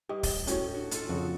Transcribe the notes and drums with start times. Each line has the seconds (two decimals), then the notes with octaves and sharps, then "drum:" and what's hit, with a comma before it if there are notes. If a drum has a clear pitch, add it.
0.09 G2 G4 D#5
0.23 drum: kick, open hi-hat
0.47 A2 C#4 F#4 C#5, drum: hi-hat
0.74 D4 F#4
0.91 F4 A4, drum: hi-hat
1.09 F2 C#3 F4 F#4